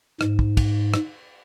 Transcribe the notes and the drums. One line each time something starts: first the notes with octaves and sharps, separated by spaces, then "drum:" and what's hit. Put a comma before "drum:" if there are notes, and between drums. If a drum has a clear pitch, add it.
G#2, drum: rim click
drum: kick
drum: kick, cymbal
drum: rim click